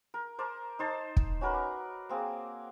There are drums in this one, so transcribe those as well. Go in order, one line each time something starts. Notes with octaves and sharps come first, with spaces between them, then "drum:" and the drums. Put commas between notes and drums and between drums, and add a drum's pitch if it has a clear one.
A#4
A#4 C5 A5 D6
D#4 C5 A5
drum: kick
C#4 F#4 A#4 B4
D6
A#3 C4 G#4